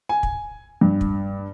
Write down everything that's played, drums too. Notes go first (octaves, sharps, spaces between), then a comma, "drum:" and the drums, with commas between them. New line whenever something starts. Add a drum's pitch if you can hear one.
G#5
drum: kick
G2
drum: kick